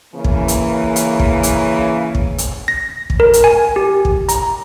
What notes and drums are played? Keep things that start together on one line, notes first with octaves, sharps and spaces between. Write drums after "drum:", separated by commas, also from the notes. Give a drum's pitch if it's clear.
C#3 E3 A#3
drum: kick
drum: hi-hat
drum: hi-hat
drum: kick
drum: hi-hat
drum: kick
drum: hi-hat
A#6
drum: kick
A#4
drum: hi-hat
G#5
G4
drum: kick
A#5, drum: hi-hat